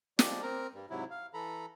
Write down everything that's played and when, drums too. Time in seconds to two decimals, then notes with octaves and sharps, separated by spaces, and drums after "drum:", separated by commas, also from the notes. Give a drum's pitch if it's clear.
0.19 F3 G3 G#3 G4 D5, drum: snare
0.42 C4 A#4 A#5
0.74 G2 G3
0.90 G#2 C3 F#3 E4
1.10 F5
1.34 E3 A4 A#5 B5